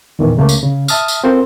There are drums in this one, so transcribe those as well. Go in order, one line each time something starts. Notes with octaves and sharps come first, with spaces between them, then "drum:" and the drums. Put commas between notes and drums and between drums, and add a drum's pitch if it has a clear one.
E2 A#2 D#3 E3
C#2 C#3 A3 A#3
drum: tambourine
C#3
E5 A5 D#6 F6, drum: tambourine
drum: tambourine
C4 F4 A4 A#4 C5